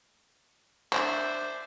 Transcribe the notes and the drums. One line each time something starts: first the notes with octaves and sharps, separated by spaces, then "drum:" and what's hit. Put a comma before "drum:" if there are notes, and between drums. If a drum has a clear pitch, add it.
D4 C5 E5, drum: clap